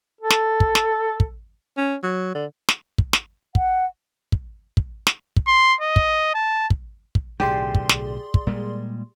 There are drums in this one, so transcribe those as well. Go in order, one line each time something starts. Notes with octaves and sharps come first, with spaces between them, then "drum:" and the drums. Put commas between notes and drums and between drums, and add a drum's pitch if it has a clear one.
A4
drum: snare
drum: kick
drum: snare
drum: kick
C#4
F#3
D3
drum: snare
drum: kick
drum: snare
F#5, drum: kick
drum: kick
drum: kick
drum: snare
drum: kick
C6
D#5
drum: kick
A5
drum: kick
drum: kick
B1 A2 D3 G4 G#4 D5 C6
drum: kick
drum: snare
drum: kick
A#2 G3 G#3